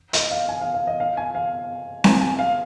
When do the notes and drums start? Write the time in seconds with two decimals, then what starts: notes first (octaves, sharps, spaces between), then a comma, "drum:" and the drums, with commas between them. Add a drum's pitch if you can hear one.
0.13 D#5, drum: hi-hat
0.31 F5
0.49 G#5
0.61 F5
0.74 F5
0.87 D#5
1.00 F5
1.17 G#5
1.35 F5
2.04 G#5, drum: snare C4
2.21 G#5
2.39 F5